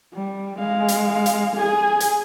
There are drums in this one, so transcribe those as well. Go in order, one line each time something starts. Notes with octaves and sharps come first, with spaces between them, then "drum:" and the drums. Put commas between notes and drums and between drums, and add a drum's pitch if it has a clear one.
G3
G#3 F5
drum: hi-hat
drum: hi-hat
G#4 G#5
drum: hi-hat